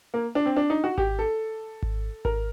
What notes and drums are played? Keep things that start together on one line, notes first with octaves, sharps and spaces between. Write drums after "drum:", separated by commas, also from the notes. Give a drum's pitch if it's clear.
A#3
D4
C4
D4
D#4
F#4
G4, drum: kick G#1
A4
drum: kick G#1
A#4, drum: kick G#1